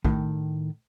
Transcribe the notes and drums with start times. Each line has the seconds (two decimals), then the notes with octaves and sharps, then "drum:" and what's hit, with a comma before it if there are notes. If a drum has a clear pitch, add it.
0.05 A2 D#3, drum: kick A#1